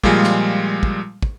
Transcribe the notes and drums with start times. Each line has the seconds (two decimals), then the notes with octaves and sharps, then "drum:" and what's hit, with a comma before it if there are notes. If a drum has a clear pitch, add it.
0.04 A#2 F3 G3 G#3 F4 G#4, drum: kick
0.23 drum: snare
0.83 drum: kick
1.22 drum: kick